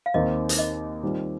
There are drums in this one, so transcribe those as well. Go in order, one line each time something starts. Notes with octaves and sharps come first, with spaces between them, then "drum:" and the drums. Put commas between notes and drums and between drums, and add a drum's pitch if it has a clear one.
F5
D#2 D#3 C4 D#4 D#5
drum: hi-hat
D#5
D#3 G3 C4 F4